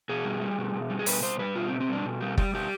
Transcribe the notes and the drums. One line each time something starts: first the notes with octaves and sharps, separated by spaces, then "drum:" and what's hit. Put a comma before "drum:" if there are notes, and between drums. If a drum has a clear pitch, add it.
B2 G#4
G3
G3
B2
B2
G3
G#4
B2 B4, drum: open hi-hat
G3 C5
G3 B4
B2 F4
C4
B2
C4
G3 D4
B2
G3 G4
G3 G4, drum: kick F#1
B2 G4